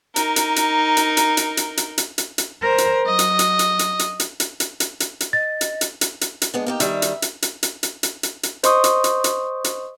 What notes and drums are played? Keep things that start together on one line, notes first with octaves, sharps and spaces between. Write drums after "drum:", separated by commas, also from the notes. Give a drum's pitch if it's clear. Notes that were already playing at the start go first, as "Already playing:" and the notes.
D#4 A#4, drum: hi-hat
drum: hi-hat
drum: hi-hat
drum: hi-hat
drum: hi-hat
drum: hi-hat
drum: hi-hat
drum: hi-hat
drum: hi-hat
drum: hi-hat
drum: hi-hat
A#4 C5
drum: hi-hat
F#3 D#5
drum: hi-hat
drum: hi-hat
drum: hi-hat
drum: hi-hat
drum: hi-hat
drum: hi-hat
drum: hi-hat
drum: hi-hat
drum: hi-hat
drum: hi-hat
drum: hi-hat
D#5 A6
drum: hi-hat
drum: hi-hat
drum: hi-hat
drum: hi-hat
drum: hi-hat
G#3 B3 D4
A#3 D#4 G4
D#3 G3 E5, drum: hi-hat
drum: hi-hat
drum: hi-hat
drum: hi-hat
drum: hi-hat
drum: hi-hat
drum: hi-hat
drum: hi-hat
drum: hi-hat
C5 D#5 C6 C#6 D#6, drum: hi-hat
drum: hi-hat
drum: hi-hat
drum: hi-hat
drum: hi-hat